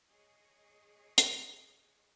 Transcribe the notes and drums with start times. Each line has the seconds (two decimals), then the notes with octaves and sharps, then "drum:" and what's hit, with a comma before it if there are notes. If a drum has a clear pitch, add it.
0.10 G#4 C#5 D#5
1.18 drum: hi-hat